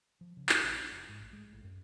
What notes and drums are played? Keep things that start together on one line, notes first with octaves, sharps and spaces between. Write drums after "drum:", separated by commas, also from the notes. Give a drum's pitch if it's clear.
F3
C#3
F1, drum: clap
A#1
C#4
F1
G#2
A1
G#3
A1
F#2